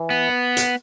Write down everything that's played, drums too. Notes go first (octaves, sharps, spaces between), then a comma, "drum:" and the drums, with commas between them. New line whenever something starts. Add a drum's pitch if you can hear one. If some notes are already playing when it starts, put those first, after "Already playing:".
Already playing: E3
B3
drum: hi-hat